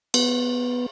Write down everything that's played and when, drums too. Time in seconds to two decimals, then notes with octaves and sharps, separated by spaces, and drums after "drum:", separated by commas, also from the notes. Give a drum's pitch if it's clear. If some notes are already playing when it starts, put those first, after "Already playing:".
0.14 B3, drum: cymbal